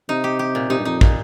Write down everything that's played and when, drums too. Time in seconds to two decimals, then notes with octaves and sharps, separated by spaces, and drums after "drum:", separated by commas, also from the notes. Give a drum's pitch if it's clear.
0.09 C3 D#4
0.24 G4
0.39 G4
0.55 A#2
0.70 C3 D#4
0.79 G2
0.85 F2 D#4
1.01 A#2, drum: kick